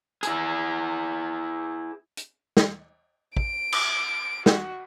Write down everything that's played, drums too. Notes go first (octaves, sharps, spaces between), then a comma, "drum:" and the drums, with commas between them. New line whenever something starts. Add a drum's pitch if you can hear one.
E4 G#4, drum: hi-hat
drum: hi-hat
drum: snare
D7, drum: kick
drum: cymbal
F#4, drum: snare